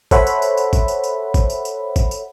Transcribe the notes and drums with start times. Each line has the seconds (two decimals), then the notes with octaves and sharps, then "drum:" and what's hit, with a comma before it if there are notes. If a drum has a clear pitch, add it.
0.11 A4 C5 C#5 E5 F#5 B5, drum: kick, tambourine
0.27 drum: tambourine
0.42 drum: tambourine
0.57 drum: tambourine
0.73 drum: kick, tambourine
0.88 drum: tambourine
1.04 drum: tambourine
1.34 drum: kick, tambourine
1.50 drum: tambourine
1.65 drum: tambourine
1.96 drum: kick, tambourine
2.11 drum: tambourine